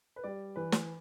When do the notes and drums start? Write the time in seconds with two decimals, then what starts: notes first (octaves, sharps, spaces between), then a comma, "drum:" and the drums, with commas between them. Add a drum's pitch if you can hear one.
0.16 B4
0.24 G3 D5
0.56 E3 B4
0.72 drum: snare